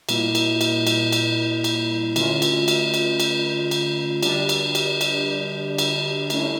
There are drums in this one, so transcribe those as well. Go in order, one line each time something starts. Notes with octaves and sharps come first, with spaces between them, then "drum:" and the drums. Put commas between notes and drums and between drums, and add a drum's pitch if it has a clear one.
A#2 G3 A#3 E4, drum: cymbal
drum: cymbal
drum: cymbal
drum: cymbal
drum: cymbal
drum: cymbal
D3 A3 C#4 F4, drum: cymbal
drum: cymbal
drum: cymbal
drum: cymbal
drum: cymbal
drum: cymbal
D3 G3 D4 G4 D5, drum: cymbal
drum: cymbal
drum: cymbal
drum: cymbal
drum: cymbal
D3 A3 C#4 E4 A4, drum: cymbal